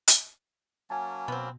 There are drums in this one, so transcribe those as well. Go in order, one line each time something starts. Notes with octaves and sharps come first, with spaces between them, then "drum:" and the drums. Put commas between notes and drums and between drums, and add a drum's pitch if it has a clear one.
drum: hi-hat
F#3 A#3 C#4 G#5 A5
B2 B3 C4